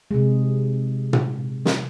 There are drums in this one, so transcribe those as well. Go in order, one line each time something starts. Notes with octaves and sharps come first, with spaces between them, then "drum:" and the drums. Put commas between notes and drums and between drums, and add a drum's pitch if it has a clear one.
C3 G#3
drum: tom
drum: snare